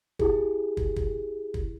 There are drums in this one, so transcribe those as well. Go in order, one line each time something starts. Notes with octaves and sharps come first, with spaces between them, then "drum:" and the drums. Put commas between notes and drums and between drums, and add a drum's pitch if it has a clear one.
E4 G4 G#4, drum: kick
drum: kick
drum: kick
drum: kick